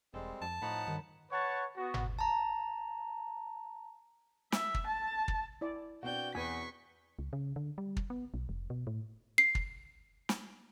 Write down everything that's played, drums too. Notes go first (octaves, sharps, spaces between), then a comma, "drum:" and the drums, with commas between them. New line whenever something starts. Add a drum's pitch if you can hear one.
E1 G3 G#3 C4 A4
F2 A5
A2 F3 D#4 C#5 F#5 A#5 B5
G2 D#3
B4 C#5 F#5 A5 C#6
B3 F#4
drum: tom G1
A5 A#5
E5, drum: snare
drum: kick
A5
drum: kick
E4 D5
B2 B3 C4 D4 F#4 G5 G6
E2 B3 B4 G#5 C#6 B6
C#2
C#3
D3
G3
drum: kick
B3
B1
F1
B2
A2
C7
drum: kick
drum: snare